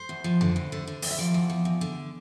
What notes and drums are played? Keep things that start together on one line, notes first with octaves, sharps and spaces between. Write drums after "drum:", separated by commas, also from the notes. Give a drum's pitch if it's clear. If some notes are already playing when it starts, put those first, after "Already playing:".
Already playing: C5
E2
F3
D3, drum: tom F2
E2
D3
D3
E2, drum: open hi-hat
E5
F3 D5
E2
F3
E2
D3